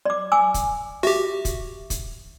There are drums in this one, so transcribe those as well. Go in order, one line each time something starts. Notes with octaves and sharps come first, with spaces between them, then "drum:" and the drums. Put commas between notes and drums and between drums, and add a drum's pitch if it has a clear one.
D5 D6
G#5 D6 E6
drum: kick, hi-hat
F#4 G4 E5
drum: kick, hi-hat
drum: kick, hi-hat